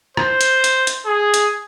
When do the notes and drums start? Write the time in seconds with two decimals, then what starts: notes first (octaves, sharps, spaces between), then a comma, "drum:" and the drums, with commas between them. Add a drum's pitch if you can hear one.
0.17 C5, drum: rim click
0.41 drum: hi-hat
0.64 drum: hi-hat
0.87 drum: hi-hat
1.06 G#4
1.34 drum: hi-hat